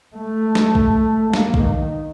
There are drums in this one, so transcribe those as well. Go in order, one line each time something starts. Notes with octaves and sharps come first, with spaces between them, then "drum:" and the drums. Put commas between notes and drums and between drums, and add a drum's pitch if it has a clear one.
A3
drum: snare
drum: kick B1
A#3, drum: snare
drum: kick B1
D#3